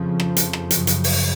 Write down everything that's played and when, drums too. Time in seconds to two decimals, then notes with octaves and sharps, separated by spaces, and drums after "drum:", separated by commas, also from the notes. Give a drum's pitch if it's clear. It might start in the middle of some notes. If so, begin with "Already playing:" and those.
Already playing: F2 C#3 F3
0.20 drum: rim click
0.36 drum: hi-hat
0.53 drum: rim click
0.71 F#2 C#3, drum: hi-hat
0.87 drum: hi-hat
1.04 drum: open hi-hat